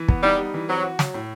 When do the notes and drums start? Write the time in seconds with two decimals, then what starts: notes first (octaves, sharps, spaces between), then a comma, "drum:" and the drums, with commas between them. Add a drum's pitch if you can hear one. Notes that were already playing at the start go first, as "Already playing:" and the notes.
Already playing: E3
0.08 B3, drum: kick
0.23 G3 D#4
0.38 G3
0.54 E3
0.69 F#3 C4
0.83 F#4
0.99 F#3, drum: snare
1.14 A2